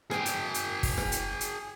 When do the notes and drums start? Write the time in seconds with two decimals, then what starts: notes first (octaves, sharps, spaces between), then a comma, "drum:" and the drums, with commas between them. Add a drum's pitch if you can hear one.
0.11 G#4 G5, drum: rim click
0.26 drum: hi-hat
0.54 drum: hi-hat
0.83 drum: kick, open hi-hat
0.97 drum: rim click
1.12 drum: hi-hat
1.41 drum: hi-hat